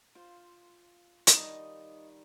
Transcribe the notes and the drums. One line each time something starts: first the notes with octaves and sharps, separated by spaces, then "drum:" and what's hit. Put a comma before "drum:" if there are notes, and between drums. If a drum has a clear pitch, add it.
F4 C5 F5
D#3 G3 D#4 D#5 A5, drum: hi-hat